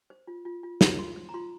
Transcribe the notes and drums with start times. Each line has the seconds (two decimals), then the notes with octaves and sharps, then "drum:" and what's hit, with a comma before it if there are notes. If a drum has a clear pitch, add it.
0.10 C5
0.27 F4
0.45 F4
0.63 F4
0.81 F4, drum: snare
0.98 F4 C6
1.16 C5
1.29 A#5
1.34 F4 C6